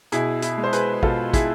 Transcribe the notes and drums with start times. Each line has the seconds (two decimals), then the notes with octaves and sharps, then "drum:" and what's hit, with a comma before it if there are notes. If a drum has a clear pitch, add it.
0.12 B2 E4 G#4, drum: hi-hat
0.42 E4, drum: hi-hat
0.57 G#3
0.64 C5
0.73 G#4 B4, drum: hi-hat
1.03 B2 F4 A4, drum: kick
1.34 E4 G#4, drum: kick, hi-hat